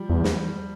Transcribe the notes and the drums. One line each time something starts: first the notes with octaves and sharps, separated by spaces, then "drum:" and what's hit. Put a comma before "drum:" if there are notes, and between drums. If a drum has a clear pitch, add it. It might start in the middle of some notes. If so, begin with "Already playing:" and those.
Already playing: F3 G3
E2
drum: snare